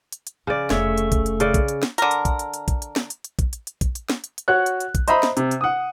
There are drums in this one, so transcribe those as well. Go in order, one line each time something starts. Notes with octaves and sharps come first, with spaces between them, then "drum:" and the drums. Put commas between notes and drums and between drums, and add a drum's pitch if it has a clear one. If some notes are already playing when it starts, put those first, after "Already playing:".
drum: hi-hat
drum: hi-hat
C#3 F3 D5
F1 A3 E4 C#5 E5, drum: snare
drum: hi-hat
drum: kick, hi-hat
drum: hi-hat
C#3 D5, drum: hi-hat
drum: kick, hi-hat
drum: hi-hat
drum: snare
D3 A#4, drum: hi-hat
drum: hi-hat
drum: kick, hi-hat
drum: hi-hat
drum: hi-hat
drum: kick, hi-hat
drum: hi-hat
drum: snare
drum: hi-hat
drum: hi-hat
drum: kick, hi-hat
drum: hi-hat
drum: hi-hat
drum: kick, hi-hat
drum: hi-hat
drum: snare
drum: hi-hat
drum: hi-hat
F#4 C#5 F#5 F#6
drum: hi-hat
drum: hi-hat
drum: kick, hi-hat
C5 D#5 E5 A#5 B5, drum: hi-hat
drum: snare
C3, drum: hi-hat
drum: hi-hat
F#5 D#6